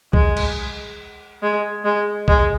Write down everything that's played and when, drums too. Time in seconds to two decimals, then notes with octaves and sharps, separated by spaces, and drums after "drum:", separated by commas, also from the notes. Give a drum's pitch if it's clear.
0.13 G#3, drum: kick B1
0.37 drum: cymbal
1.43 G#3
1.85 G#3
2.28 G#3, drum: kick B1